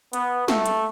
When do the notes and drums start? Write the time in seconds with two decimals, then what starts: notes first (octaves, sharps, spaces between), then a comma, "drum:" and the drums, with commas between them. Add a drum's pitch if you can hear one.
0.13 B3, drum: hi-hat
0.48 A3, drum: snare
0.66 drum: hi-hat